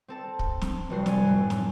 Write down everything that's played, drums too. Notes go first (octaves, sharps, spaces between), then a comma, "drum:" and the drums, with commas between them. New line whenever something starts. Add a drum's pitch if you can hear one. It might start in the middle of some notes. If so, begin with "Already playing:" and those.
C4 A4 A5
drum: kick
drum: snare
F1 C3 G3 F#4 C7
G#5 A6, drum: snare
F#2 A2 F#3 A3
drum: snare